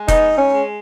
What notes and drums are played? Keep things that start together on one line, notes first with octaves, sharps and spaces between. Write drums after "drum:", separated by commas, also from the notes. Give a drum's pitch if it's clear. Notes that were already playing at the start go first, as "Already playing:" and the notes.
Already playing: G#3
B3 D#4, drum: kick E1, hi-hat
G#2
C#4
G#3